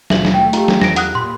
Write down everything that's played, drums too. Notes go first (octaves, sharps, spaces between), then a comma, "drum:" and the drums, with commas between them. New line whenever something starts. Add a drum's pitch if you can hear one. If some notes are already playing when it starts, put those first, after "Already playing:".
D#2 B2 F4 E5 F#7, drum: snare
drum: snare
A3 G5
D#4 F4 G4 A4 A#5, drum: hi-hat
drum: snare
E2 A#6 D7, drum: snare
F#5 D#6 F#6, drum: hi-hat
A#2 B5 C6 F#6